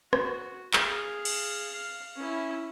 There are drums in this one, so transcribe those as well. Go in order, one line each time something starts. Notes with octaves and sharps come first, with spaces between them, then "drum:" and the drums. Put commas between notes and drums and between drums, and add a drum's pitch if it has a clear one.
F#4, drum: rim click
G#4 F5, drum: clap
drum: cymbal
F5
C#4 E4